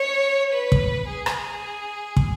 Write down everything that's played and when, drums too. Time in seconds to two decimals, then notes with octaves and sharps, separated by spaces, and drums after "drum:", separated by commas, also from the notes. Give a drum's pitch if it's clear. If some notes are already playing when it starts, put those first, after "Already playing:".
Already playing: C#5
0.54 B4
0.72 drum: kick
1.08 G#4
1.26 drum: rim click
2.17 drum: kick